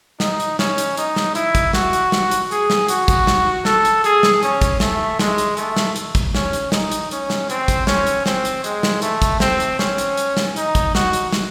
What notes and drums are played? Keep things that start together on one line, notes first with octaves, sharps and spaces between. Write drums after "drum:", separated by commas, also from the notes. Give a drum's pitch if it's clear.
D#4, drum: snare
drum: hi-hat
C#4, drum: snare
drum: hi-hat
D#4, drum: hi-hat
drum: snare
E4, drum: hi-hat
drum: kick, hi-hat
F#4, drum: snare
drum: hi-hat
drum: snare
drum: hi-hat
G#4, drum: hi-hat
drum: snare
F#4, drum: hi-hat
drum: kick, hi-hat
drum: snare
A4, drum: snare
drum: hi-hat
G#4, drum: hi-hat
drum: snare
C#4, drum: hi-hat
drum: kick, hi-hat
A3, drum: snare
G#3, drum: snare
drum: hi-hat
A3, drum: hi-hat
drum: snare
drum: hi-hat
drum: kick, hi-hat
C#4, drum: snare
drum: hi-hat
D#4, drum: snare
drum: hi-hat
C#4, drum: hi-hat
drum: snare
C4, drum: hi-hat
drum: kick, hi-hat
C#4, drum: snare
drum: hi-hat
C4, drum: snare
drum: hi-hat
G#3, drum: hi-hat
drum: snare
A3, drum: hi-hat
drum: kick, hi-hat
C4, drum: snare
drum: hi-hat
C#4, drum: snare
drum: hi-hat
drum: hi-hat
drum: snare
D#4, drum: hi-hat
drum: kick, hi-hat
F#4, drum: snare
drum: hi-hat
drum: snare